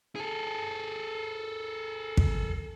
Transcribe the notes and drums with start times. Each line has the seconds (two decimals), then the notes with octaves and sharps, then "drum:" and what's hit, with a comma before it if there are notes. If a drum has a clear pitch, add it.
0.15 G#4 A4
2.17 drum: kick